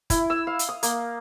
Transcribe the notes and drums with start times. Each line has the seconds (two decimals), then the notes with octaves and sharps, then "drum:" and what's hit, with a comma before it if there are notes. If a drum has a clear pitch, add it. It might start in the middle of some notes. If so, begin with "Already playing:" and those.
0.10 E4, drum: kick, hi-hat
0.30 E6
0.47 F5
0.59 drum: hi-hat
0.69 D#6
0.83 A#3, drum: hi-hat